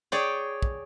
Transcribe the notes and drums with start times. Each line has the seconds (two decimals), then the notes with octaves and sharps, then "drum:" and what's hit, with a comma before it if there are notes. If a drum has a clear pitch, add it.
0.12 G#4 C#5 D5 G5
0.62 drum: kick